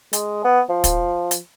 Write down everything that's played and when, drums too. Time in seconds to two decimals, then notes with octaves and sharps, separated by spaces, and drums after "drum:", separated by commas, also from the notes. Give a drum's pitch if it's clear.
0.13 G#3, drum: hi-hat
0.44 B3
0.69 F3
0.84 drum: kick, hi-hat
1.31 drum: hi-hat